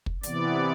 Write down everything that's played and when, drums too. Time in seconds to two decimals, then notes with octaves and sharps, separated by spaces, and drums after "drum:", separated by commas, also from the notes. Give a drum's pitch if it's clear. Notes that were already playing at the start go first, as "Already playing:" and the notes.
0.06 drum: kick
0.23 C3 E3 B3 D5, drum: hi-hat